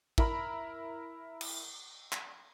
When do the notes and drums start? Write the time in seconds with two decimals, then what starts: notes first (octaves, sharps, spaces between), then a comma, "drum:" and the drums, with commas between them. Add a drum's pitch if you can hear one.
0.18 E4 A#4 A#5 B5, drum: kick
1.41 drum: cymbal
2.12 drum: clap